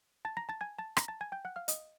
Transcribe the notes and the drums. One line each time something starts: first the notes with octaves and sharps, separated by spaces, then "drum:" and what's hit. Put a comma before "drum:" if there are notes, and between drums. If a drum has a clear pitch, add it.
A5 A6
A#5 A#6
A5 A6
G#5 G#6
A5 A6
A#5 A#6, drum: rim click
A5 A6
G#5 G#6
G5 G6
F#5 F#6
F5 F6
D#5 D#6, drum: hi-hat